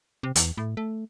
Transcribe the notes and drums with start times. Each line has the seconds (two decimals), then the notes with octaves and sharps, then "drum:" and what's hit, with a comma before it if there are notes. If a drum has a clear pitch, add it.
0.23 C3
0.36 E2, drum: hi-hat
0.57 A2
0.77 A3